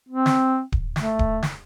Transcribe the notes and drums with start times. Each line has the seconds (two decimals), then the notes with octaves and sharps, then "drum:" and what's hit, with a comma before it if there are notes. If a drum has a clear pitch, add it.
0.09 C4
0.26 drum: snare
0.72 drum: kick D1
0.96 A3, drum: snare
1.19 drum: kick D1
1.43 drum: snare